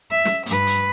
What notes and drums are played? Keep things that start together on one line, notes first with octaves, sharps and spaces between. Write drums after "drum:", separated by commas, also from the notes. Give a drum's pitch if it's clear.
E5
drum: snare
G2 B4, drum: hi-hat
drum: hi-hat